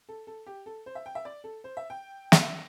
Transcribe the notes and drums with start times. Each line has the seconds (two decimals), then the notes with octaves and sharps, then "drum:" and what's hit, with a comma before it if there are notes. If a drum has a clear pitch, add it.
0.09 A4
0.27 A4
0.46 G4
0.66 A4
0.86 C5
0.95 E5
1.06 G5
1.15 E5
1.25 D5
1.44 A4
1.64 C5
1.77 E5
1.90 G5
2.32 drum: snare
2.42 E5